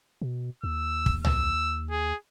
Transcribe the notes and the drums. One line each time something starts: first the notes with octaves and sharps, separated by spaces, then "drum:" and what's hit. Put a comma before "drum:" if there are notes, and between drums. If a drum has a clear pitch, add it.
B2
D#2 E6
drum: kick
E6, drum: tom
G#4